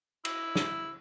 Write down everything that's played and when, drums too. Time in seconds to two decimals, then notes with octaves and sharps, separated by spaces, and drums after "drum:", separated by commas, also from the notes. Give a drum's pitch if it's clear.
0.25 E4, drum: cymbal
0.55 drum: snare